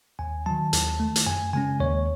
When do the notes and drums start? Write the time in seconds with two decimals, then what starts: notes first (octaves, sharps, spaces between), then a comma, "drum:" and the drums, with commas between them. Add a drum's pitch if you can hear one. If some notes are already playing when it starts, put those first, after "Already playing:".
0.19 D#2 G#5
0.46 D#3 F#3 A5
0.73 D#2, drum: hi-hat
1.00 D#3 A3
1.16 drum: hi-hat
1.26 F#2 G#5
1.53 C#3 G#3 C#4 G#5
1.80 D#2 C#5